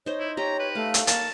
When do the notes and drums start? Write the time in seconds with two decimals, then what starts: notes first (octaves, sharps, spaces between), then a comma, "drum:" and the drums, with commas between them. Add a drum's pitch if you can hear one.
0.06 D#4 C5 C#5
0.20 E4
0.37 G4 C#5 D#5 A#5
0.59 B4
0.75 A3 F5
0.94 drum: hi-hat
1.07 A#3 A5 A#5 C#6, drum: hi-hat